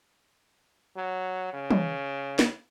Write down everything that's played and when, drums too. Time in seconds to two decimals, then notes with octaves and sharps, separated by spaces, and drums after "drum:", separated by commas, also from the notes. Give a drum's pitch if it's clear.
0.96 F#3
1.53 C#3
1.71 drum: tom
2.39 drum: snare